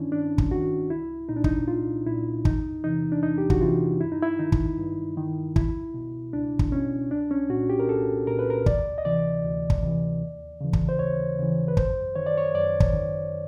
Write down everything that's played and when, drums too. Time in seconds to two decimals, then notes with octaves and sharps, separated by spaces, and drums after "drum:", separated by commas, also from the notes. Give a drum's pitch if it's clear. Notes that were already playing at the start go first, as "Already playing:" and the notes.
Already playing: G2 D#3 C#4 D4 E4
0.12 G2 D4
0.38 drum: kick
0.51 D#3 F#4
0.90 C2 E4
1.29 A#2 D#4
1.36 D4
1.44 D#4, drum: kick
1.67 C2 F4
2.06 A#2 E4
2.45 E2 D#4, drum: kick
2.84 C3 E3 D#4
3.12 D4
3.23 E2 D#4
3.38 G4
3.50 F#4, drum: kick
3.61 C3 E3 F4
4.01 G2 E4
4.12 D#4
4.22 E4
4.39 D#3 D#4
4.52 drum: kick
4.78 G2
5.17 D#3
5.56 C#2 E4, drum: kick
5.94 B2
6.33 C#2 D4
6.59 drum: kick
6.72 B2 C#4
7.11 C2 D4
7.31 C#4
7.49 A#2 F#4
7.70 G4
7.80 A#4
7.89 C2 A4
8.27 A#2 A#4
8.39 B4
8.50 A#4
8.66 D2 D5, drum: kick
8.98 D#5
9.05 C3 E3 D5
9.44 D2
9.70 drum: kick
9.83 C3 E3
10.22 D#2
10.61 C#3 E3
10.73 drum: kick
10.89 C5
10.99 D#2 C#5
11.38 C#3 E3
11.68 B4
11.77 F#2 C5, drum: kick
12.15 D#3 C#5
12.26 D5
12.38 C#5
12.55 F#2 D5
12.80 drum: kick
12.93 D#3